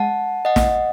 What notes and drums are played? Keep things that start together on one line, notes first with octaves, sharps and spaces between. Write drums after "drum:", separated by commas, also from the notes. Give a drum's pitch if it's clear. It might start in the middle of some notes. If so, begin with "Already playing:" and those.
Already playing: G#3 F#5 A5
D#5 F#5
drum: snare